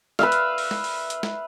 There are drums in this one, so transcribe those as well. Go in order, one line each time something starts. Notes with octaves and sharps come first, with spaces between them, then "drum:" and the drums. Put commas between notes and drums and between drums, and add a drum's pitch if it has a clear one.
B4 E5 F5, drum: snare
drum: hi-hat
drum: open hi-hat
drum: snare
drum: open hi-hat
drum: hi-hat
drum: snare